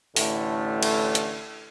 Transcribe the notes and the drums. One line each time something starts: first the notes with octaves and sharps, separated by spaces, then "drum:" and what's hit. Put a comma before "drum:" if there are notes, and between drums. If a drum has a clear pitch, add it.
A1 A2 D3 A3, drum: open hi-hat
drum: cymbal
drum: hi-hat